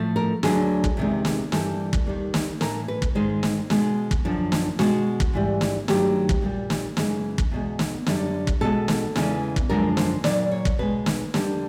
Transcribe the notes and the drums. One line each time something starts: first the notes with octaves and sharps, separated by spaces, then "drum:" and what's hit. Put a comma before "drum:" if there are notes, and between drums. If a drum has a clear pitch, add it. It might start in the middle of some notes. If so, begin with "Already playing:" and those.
Already playing: A2 F3 A3
A#4
D2 D3 F#3 A#3 G#4, drum: snare
drum: kick
E2 C3 D#3 G#3
drum: snare
G2 E3 G3 A#3 A4, drum: snare
drum: kick
D#2 D#3 G3 A#3
drum: snare
A2 E3 A3 A#4, drum: snare
B4
drum: kick
G#2 D#3 G#3 C5
drum: snare
B2 G#3, drum: snare
drum: kick
F#2 D3 F3
drum: snare
B2 G#3 F#4, drum: snare
drum: kick
G#2 E3 G3
drum: snare
G2 D#3 F#3 A3 G4, drum: snare
drum: kick
A#2 G3 A#3
drum: snare
F#2 C#3 E3 G#3, drum: snare
drum: kick
E2 B2 G#3
drum: snare
F#2 D3 G3, drum: snare
drum: kick
B2 G#3 A4
drum: snare
E2 C#3 E3 G#3, drum: snare
drum: kick
F#2 D3 F3 G#3 A#4
C5, drum: snare
A#2 F#3 A#3 D5, drum: snare
C#5
drum: kick
B2 G#3 B4
drum: snare
F2 D3 G3 A#3, drum: snare